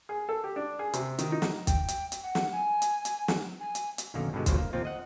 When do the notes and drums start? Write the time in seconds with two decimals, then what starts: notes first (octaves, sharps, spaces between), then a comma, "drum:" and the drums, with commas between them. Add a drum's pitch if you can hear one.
0.09 G#4
0.29 A4
0.44 G4
0.56 D4
0.79 G#4
0.93 C3, drum: hi-hat
1.19 D#3, drum: hi-hat
1.32 D#4
1.42 drum: snare
1.67 G5, drum: kick, hi-hat
1.88 drum: hi-hat
2.12 drum: hi-hat
2.23 F#5
2.35 drum: snare
2.52 G#5
2.82 drum: hi-hat
3.05 drum: hi-hat
3.28 drum: snare
3.60 G#5
3.75 drum: hi-hat
3.98 drum: hi-hat
4.14 B1 F#2 D3 D#3 A#3
4.33 G2 B2 D3 G#3
4.46 A1 D2 B2 F3 F#3 C5, drum: kick, hi-hat
4.58 A#3
4.73 D#2 A#2 F3 C4 F4
4.85 D#5 F#5